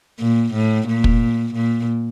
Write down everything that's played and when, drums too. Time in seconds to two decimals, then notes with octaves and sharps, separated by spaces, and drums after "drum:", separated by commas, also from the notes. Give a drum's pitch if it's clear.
0.20 A#2
0.54 A2
0.88 A#2
1.04 drum: kick
1.55 A#2